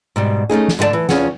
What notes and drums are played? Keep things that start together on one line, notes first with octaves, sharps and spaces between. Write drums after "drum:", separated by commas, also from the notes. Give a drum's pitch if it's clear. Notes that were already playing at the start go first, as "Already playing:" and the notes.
G#2 B2 G3
A3 C#4 D#4 G#4
drum: snare
G#2 D3 G#4 D5 A5
E3
E2 C#4 F4 G#4 F#5, drum: snare